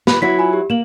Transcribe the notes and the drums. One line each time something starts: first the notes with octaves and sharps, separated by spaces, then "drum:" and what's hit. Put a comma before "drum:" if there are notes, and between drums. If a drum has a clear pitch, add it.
B4, drum: snare
F#3 E4 F#4 B6
F4 G#5 B5
G4
A#3 E7 F#7